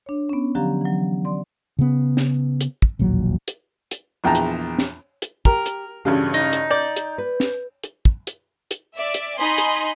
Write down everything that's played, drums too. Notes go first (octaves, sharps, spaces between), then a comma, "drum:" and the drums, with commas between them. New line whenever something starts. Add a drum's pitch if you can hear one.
D4 C#5
B3 C#4
D3 F3 F#3 G4 F5 A#5
E3 F#3
D5 C6
C#3 B3
drum: snare
drum: hi-hat
drum: kick
E1 A#1 D#2 F#3
drum: hi-hat
drum: hi-hat
A#1 E2 G5 A5 A#5
drum: hi-hat
drum: snare
drum: hi-hat
G4 A#4, drum: kick
drum: hi-hat
A1 G2 C#3 C#4 F#4 A4
D#4
drum: hi-hat
D5 G6
drum: hi-hat
B4
drum: snare
drum: hi-hat
drum: kick
drum: hi-hat
drum: hi-hat
D5 E5
drum: hi-hat
D#4 D#5 G#5 B5 C6
drum: hi-hat